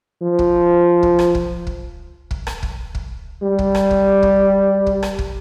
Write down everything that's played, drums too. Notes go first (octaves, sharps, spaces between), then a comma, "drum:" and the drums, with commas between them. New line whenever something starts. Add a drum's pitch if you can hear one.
F3
drum: kick
drum: kick
drum: rim click
drum: kick
drum: kick
drum: kick
drum: rim click
drum: kick
drum: kick
G3
drum: kick
drum: rim click
drum: kick
drum: kick
drum: kick
drum: rim click
drum: kick